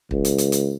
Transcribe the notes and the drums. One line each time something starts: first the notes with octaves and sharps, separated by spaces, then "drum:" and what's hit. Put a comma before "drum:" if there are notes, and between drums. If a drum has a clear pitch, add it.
C#2, drum: kick
drum: hi-hat
drum: hi-hat
drum: hi-hat